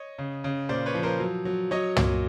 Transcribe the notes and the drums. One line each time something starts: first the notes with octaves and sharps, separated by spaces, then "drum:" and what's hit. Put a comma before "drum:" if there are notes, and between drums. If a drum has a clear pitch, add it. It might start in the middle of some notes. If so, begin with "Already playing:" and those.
Already playing: C#5 D#5
C#3
C#3
A#2 C5 D5
B4 C#5
F3
A#4 C5
F#3
F#3
F#3 C#5 D#5
A#2, drum: tom